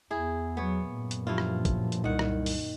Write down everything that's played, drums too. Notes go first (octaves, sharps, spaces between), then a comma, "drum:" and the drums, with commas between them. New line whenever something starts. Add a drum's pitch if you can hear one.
E2 E4 G#4
F#3 B3 C#5
F#2 A#2
drum: hi-hat
G2 F3 E4 F4
drum: rim click
drum: kick, hi-hat
drum: hi-hat
C2 D#3 F#5
drum: rim click
drum: open hi-hat